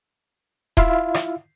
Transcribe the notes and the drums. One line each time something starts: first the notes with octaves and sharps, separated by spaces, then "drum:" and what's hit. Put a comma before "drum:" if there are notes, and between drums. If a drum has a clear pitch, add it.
E4 F4 E5 F5, drum: kick D#1
drum: rim click